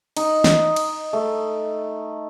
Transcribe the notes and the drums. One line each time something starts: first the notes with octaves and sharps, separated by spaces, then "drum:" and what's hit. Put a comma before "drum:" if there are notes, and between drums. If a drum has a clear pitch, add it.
D#4, drum: cymbal
drum: snare
drum: cymbal
A3